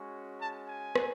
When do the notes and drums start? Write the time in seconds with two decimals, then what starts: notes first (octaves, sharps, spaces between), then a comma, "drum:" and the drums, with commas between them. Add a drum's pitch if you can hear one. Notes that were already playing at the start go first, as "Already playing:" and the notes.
Already playing: G#3 C#4 F#4
0.39 A5
0.67 G#5
0.96 drum: rim click